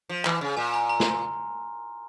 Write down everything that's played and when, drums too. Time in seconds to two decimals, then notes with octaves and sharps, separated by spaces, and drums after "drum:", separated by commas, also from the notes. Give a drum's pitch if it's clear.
0.09 F3
0.25 E3 F6, drum: clap
0.41 C#3
0.57 A#2 G#5
0.74 A#5
0.89 A#5
1.00 C6, drum: snare